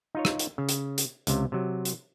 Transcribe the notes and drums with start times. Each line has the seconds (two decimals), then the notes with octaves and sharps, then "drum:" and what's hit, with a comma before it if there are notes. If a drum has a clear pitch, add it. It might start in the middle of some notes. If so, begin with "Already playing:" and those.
0.15 D#4 F4 C#5
0.25 drum: rim click
0.39 drum: hi-hat
0.58 C#3
0.69 drum: hi-hat
0.98 drum: hi-hat
1.27 C#2 C3, drum: hi-hat
1.52 C3 F#3
1.85 drum: hi-hat